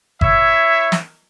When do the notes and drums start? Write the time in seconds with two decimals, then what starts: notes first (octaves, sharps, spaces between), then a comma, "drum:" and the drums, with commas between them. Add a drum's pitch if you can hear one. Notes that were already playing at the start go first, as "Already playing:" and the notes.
0.21 E4 C#5 E5, drum: kick G1
0.92 drum: snare